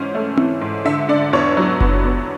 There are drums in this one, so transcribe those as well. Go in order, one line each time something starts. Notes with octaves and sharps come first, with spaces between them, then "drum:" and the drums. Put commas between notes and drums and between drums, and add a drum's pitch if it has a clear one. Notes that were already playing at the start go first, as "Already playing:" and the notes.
Already playing: G#2 E3 C#4
A3
E3, drum: tom C4
G#2
D3 E5
D3 D5
E2 C#5
F#3
B3, drum: kick F#1
B3